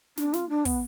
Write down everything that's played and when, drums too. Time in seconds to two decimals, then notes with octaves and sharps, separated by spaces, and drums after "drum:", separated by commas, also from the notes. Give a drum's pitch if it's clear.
0.17 D4, drum: snare
0.34 F4, drum: snare
0.49 D4
0.65 B3, drum: kick, open hi-hat